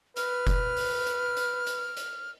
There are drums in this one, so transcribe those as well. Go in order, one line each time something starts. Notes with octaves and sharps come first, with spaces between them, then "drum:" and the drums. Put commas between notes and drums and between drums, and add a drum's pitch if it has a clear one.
B4 F6, drum: hi-hat
drum: kick F1, hi-hat
drum: open hi-hat
drum: hi-hat
drum: hi-hat
drum: hi-hat
drum: hi-hat